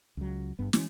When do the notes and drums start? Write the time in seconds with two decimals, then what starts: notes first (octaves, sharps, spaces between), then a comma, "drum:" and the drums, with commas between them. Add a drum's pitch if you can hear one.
0.17 C#2 F#3
0.59 G#1 G2 B3
0.73 E3 G#3 C#4, drum: snare